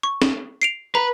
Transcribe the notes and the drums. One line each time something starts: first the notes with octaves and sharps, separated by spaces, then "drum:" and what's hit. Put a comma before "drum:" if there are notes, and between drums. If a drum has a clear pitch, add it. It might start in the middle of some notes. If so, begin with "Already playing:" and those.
C#6
drum: snare
C7 D7 F7
B4 A#5